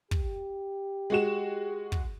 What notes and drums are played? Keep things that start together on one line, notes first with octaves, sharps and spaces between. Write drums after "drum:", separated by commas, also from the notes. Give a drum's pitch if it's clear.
G4, drum: kick
G#3 F#4 E7
drum: kick